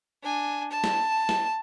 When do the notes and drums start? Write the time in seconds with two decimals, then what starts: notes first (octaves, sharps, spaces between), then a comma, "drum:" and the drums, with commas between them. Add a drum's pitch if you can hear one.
0.23 D4 G#5
0.70 A5
0.84 drum: snare
1.29 drum: snare